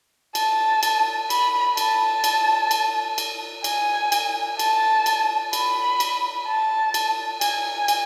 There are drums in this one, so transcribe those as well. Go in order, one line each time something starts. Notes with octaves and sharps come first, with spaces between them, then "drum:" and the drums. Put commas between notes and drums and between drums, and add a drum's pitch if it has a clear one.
A5, drum: cymbal
drum: cymbal
B5, drum: cymbal
A5, drum: cymbal
drum: cymbal
drum: cymbal
drum: cymbal
G#5, drum: cymbal
drum: cymbal
A5, drum: cymbal
drum: cymbal
B5, drum: cymbal
drum: cymbal
A5
drum: cymbal
G#5, drum: cymbal
drum: cymbal